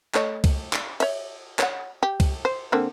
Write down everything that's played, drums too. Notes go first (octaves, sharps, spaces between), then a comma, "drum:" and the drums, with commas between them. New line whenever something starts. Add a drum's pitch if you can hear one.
A3 C#5 D#5, drum: clap
drum: kick C#2, cymbal
drum: clap
C#5 E5, drum: cymbal
C#5 F#5, drum: clap
G4
drum: kick C#2, cymbal
C5
D3 A#3 C4